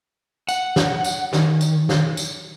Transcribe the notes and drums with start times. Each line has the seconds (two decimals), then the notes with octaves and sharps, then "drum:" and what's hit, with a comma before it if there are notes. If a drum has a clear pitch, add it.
0.49 F#5, drum: tambourine
0.76 drum: snare
1.04 drum: tambourine
1.33 D#3, drum: snare
1.61 drum: tambourine
1.89 drum: snare
2.17 drum: tambourine